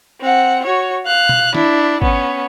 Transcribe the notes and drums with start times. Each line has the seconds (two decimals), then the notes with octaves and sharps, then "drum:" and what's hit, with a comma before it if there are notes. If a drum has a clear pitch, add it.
0.21 C4 F#5
0.65 F#4 C#5
1.06 F5 F#6
1.29 drum: tom B2
1.55 D4 E4, drum: snare
2.02 B3 C#4, drum: kick